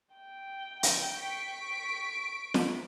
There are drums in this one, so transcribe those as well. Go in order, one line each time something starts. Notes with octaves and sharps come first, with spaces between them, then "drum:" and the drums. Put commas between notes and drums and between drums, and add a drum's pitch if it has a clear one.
G5
drum: hi-hat
C#6 B6 D7
drum: snare